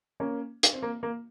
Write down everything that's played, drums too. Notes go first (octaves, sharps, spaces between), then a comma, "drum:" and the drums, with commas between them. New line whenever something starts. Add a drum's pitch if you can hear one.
A#3 C#4
drum: hi-hat
C4
A#3
A#3